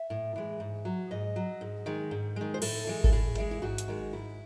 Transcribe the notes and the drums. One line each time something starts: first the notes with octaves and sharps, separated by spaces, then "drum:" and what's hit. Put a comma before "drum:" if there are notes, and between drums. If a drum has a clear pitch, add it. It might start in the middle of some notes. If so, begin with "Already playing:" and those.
Already playing: E5
A2
E3 G#3
G#2
F#3
G#2 D#5
F#3
G#2
D#3 G#3
G#2
D#3 G#3
C5
A2 A4, drum: cymbal
E3 G#3
A4, drum: kick G#1
A2 G#4
E3 G#3
E4
G#2 F#4
drum: hi-hat
D#3 G#3
G#2 E4